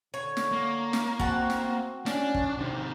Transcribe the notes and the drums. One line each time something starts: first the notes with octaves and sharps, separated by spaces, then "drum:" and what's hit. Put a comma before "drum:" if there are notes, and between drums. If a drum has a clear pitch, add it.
D3 C#5
drum: snare
A#3
drum: snare
C4 F#4 A5, drum: kick
drum: snare
C#4 D4, drum: snare
drum: kick
C3 D#3 C4